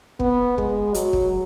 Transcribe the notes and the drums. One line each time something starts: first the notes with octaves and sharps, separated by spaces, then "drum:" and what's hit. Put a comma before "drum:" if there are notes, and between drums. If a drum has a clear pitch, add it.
B3, drum: kick
G#3, drum: kick
F#3, drum: hi-hat
drum: kick